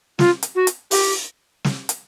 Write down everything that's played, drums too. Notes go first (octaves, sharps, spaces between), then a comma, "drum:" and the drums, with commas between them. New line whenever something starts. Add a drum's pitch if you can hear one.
F4, drum: snare
drum: hi-hat
F#4
drum: hi-hat
G4, drum: open hi-hat
drum: snare
drum: hi-hat